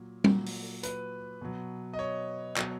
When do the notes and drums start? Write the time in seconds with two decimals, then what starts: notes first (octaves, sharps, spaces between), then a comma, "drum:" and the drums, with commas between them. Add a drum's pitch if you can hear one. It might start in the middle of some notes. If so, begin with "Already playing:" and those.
Already playing: A#2 F#3
0.24 A#2 F#3, drum: tom G3
0.46 drum: open hi-hat
0.83 B4, drum: hi-hat
1.41 B2 F#3
1.94 D#5
1.99 C#5
2.57 B2 F#3, drum: clap